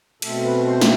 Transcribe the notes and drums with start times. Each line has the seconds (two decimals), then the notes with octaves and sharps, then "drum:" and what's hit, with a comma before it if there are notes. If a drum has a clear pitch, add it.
0.22 B2 A3 C4 A4, drum: cymbal
0.45 B4
0.66 C5
0.81 drum: snare